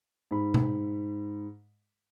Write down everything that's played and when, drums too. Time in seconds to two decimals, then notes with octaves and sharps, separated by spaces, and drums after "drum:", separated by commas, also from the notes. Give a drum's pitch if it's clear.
0.31 G#2 B5
0.54 drum: tom B2